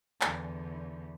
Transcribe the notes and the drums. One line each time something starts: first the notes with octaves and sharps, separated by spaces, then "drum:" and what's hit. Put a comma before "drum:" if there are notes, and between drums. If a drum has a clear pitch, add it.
E2 D3, drum: clap